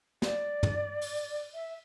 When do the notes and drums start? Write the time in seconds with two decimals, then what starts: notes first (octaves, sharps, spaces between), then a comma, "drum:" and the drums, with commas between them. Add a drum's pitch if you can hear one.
0.22 D5, drum: snare
0.63 drum: tom
1.01 drum: open hi-hat
1.54 E5